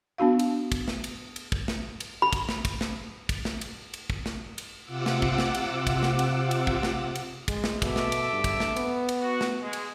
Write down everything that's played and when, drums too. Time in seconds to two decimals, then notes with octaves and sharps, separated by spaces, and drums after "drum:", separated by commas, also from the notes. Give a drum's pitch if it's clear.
0.18 B3 D4 F#4 F5
0.39 drum: cymbal
0.72 drum: kick, cymbal
0.88 drum: snare
1.04 drum: cymbal
1.36 drum: cymbal
1.52 drum: kick
1.68 drum: snare
2.00 drum: cymbal
2.22 B5
2.33 drum: kick, cymbal
2.49 drum: snare
2.65 drum: kick, cymbal
2.81 drum: snare
3.29 drum: kick, cymbal
3.45 drum: snare
3.61 drum: cymbal
3.94 drum: cymbal
4.10 drum: kick
4.26 drum: snare
4.58 drum: cymbal
4.84 C3 F4 F#5 D6 E6
5.06 drum: snare
5.22 drum: kick
5.38 drum: snare
5.54 drum: cymbal
5.87 drum: kick, cymbal
6.03 drum: snare
6.19 drum: cymbal
6.51 drum: cymbal
6.67 drum: kick
6.83 drum: snare
7.15 drum: cymbal
7.48 G#3, drum: kick, cymbal
7.64 drum: snare
7.82 B2 A4 E5 D6, drum: kick, cymbal
7.96 drum: snare
8.12 drum: cymbal
8.33 G2
8.44 drum: kick, cymbal
8.60 drum: snare
8.76 B3, drum: cymbal
9.09 drum: cymbal
9.21 F#4
9.41 drum: snare
9.61 G#3 G#4
9.73 drum: cymbal